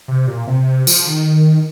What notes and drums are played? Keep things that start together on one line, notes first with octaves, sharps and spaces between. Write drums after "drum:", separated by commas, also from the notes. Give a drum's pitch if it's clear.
C3
A#2
C3
F3, drum: tambourine
D#3